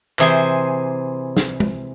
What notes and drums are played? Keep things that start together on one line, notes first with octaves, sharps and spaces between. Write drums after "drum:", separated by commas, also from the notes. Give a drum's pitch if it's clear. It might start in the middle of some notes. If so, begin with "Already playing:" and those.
C3 E3 G#4 C5 G#5, drum: clap
drum: snare
drum: tom G#3